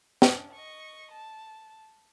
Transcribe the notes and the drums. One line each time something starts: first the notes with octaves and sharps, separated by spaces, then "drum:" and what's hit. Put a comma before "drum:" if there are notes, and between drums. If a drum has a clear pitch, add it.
C#4 D4, drum: snare
D#5 C#6
A5